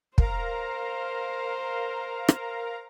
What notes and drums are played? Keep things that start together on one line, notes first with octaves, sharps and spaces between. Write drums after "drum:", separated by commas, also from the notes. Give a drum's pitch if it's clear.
A#4 C5 F5 A#5, drum: kick
drum: rim click